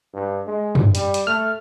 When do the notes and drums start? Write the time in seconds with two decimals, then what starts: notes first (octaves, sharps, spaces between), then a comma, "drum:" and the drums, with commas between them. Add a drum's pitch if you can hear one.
0.14 G2
0.47 G#3
0.75 drum: tom
0.95 G3, drum: hi-hat
1.14 drum: hi-hat
1.27 A3 F6